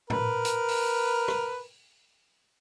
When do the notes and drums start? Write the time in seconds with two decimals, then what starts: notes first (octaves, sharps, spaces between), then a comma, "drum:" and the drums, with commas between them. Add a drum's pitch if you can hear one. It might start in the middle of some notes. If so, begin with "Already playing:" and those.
0.10 A#4 B4, drum: tom
0.45 drum: hi-hat
0.68 drum: open hi-hat
1.28 drum: rim click